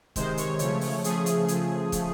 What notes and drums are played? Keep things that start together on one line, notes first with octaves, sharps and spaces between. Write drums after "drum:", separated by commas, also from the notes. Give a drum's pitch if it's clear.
C3 D#3 G#3 C5, drum: kick, hi-hat
C#5, drum: hi-hat
C#3 F3 A3 C#5, drum: hi-hat
C#5, drum: open hi-hat
C#3 F3 A3 G#4, drum: hi-hat
drum: hi-hat
C#3 F3 A3, drum: hi-hat
C#3 F3 A3, drum: kick, hi-hat